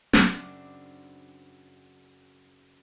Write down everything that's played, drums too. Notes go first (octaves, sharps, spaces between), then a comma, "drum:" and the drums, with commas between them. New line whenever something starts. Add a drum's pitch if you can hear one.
F#2 C#3 C4 D4 D5, drum: snare